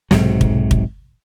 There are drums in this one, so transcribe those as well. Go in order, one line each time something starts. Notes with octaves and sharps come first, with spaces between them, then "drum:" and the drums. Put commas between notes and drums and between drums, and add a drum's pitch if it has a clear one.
B1 G#2 C3 F#3, drum: snare
drum: kick
drum: kick